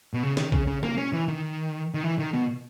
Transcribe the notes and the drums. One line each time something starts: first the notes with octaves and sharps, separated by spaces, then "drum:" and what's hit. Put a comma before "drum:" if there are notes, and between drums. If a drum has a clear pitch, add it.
B2
C#3
D#3, drum: snare
C#3, drum: kick A#1
C#3
A#3, drum: tom B2
C#4
E3
D#3
D#3
E3
D#3
B2